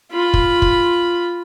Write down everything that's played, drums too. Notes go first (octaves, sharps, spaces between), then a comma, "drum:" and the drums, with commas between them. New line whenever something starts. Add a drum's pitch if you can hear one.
F4 B5
drum: kick
drum: kick